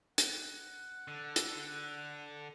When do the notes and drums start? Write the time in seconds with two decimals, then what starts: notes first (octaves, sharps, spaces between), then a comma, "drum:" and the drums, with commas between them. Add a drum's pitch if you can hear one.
0.18 F#5, drum: hi-hat
1.08 D3
1.36 drum: hi-hat